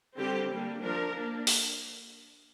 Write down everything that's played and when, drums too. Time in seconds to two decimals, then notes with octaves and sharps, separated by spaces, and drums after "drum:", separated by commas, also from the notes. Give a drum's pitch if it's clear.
0.18 D3 G3 C4 G4
0.50 G3 A#3 D4
0.81 F3 D4 A#4
1.14 A#3 D4
1.47 drum: open hi-hat